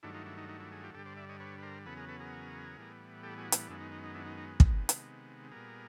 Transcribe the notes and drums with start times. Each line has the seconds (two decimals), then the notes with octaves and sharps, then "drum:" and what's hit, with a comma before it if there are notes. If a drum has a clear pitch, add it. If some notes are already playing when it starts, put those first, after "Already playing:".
0.03 G2 D#3 F#3 A3 D4 E4
0.14 D#4 F4
0.26 D4 E4
0.37 D#4
0.49 D#4
0.60 D4 E4
0.72 G#4
0.83 F4 G4
0.94 G2 D3 G3 G4 A4
1.06 C5 D5
1.17 D5 E5
1.29 C#5 D#5
1.40 B4 C#5
1.58 B4
1.63 A#4 C5
1.86 E2 C#3 F#3 B3 A4 B4
1.97 G#4 A#4
2.09 A4 B4
2.20 G#4 A#4
2.77 A2 E3 G3 B3
3.23 G4 A4
3.38 F#4 G#4
3.52 drum: hi-hat
3.68 F#2 D#3 G#3 B3 D4 E4
3.80 D#4
3.91 D#4
4.03 D#4
4.14 D4 E4
4.26 D#4
4.37 D#4
4.60 C3 D#3 G#3 B3, drum: kick
4.89 drum: hi-hat
5.51 A#2 G3 B3 G#4 A#4